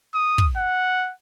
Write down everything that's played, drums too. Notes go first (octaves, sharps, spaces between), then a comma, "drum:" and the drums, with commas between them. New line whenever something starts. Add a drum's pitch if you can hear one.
D#6
drum: kick
F#5